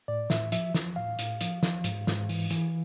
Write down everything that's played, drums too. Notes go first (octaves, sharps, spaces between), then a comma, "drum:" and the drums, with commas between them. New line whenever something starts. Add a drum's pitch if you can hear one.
A2 D5
A2 E5, drum: snare
F3 E5, drum: hi-hat
F3, drum: snare
A2 F5
A2, drum: hi-hat
F3, drum: hi-hat
F3, drum: snare
G#2, drum: hi-hat
G#2, drum: snare
E3, drum: open hi-hat
E3, drum: hi-hat